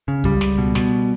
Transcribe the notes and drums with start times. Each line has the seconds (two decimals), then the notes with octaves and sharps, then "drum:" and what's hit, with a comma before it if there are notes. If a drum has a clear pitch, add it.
0.08 C#3
0.24 C#2 G3, drum: kick
0.41 C#2, drum: snare
0.58 B2
0.75 B2, drum: snare